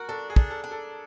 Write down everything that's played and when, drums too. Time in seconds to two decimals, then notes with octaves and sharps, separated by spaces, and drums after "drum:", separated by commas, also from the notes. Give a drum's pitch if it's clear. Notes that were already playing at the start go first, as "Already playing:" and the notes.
Already playing: F#4 A#4
0.09 D4 A4
0.30 G#4
0.36 D4, drum: kick
0.50 A4
0.64 D4
0.71 A4